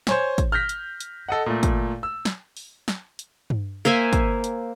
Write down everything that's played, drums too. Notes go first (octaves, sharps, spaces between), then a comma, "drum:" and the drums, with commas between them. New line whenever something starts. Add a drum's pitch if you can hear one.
C5 C#5 G#5, drum: snare
drum: kick, hi-hat
F6 G6 A#6 B6
drum: hi-hat
drum: hi-hat
A4 D#5 F#5
A#2 A3
drum: kick, hi-hat
E6
drum: snare
drum: open hi-hat
drum: snare
drum: hi-hat
drum: tom G2
A#3 C5 E5 G#5
drum: kick, hi-hat
drum: hi-hat